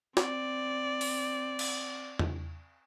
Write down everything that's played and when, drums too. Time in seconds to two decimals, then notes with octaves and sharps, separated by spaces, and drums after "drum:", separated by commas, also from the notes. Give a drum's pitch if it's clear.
0.17 C4 D5, drum: snare
1.01 drum: open hi-hat
1.59 drum: cymbal
2.19 drum: tom E2